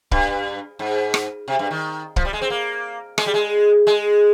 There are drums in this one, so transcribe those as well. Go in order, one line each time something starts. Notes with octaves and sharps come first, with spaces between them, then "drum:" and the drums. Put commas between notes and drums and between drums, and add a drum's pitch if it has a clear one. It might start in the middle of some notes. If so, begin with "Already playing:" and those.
G2, drum: kick
G#2
drum: rim click
C3
G2
D#3
F3, drum: kick
G3
G#3
C4
A#3
G#3, drum: rim click
G3
G#3
G#3